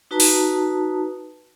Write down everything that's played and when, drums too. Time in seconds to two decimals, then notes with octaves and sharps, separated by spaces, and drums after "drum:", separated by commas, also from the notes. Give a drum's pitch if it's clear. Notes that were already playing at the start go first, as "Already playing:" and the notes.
0.11 D#4 F#4 B4 A5 A#5 D#6
0.20 drum: open hi-hat